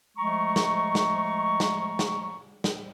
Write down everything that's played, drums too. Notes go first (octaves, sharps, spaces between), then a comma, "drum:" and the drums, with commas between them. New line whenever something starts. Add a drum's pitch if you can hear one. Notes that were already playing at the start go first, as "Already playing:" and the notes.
F3 G#3 A3 A#5 C#6
drum: snare
drum: snare
drum: snare
drum: snare
drum: snare